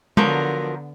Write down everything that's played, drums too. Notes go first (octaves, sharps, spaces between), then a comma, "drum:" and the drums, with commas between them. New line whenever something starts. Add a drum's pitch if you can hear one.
D3 F3 F#3 B3 A#4, drum: tom